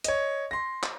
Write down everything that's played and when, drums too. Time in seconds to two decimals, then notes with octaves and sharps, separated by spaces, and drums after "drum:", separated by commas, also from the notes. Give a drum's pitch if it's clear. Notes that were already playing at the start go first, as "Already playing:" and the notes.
0.04 C#5 D#5, drum: hi-hat
0.51 C6 A#6
0.83 drum: clap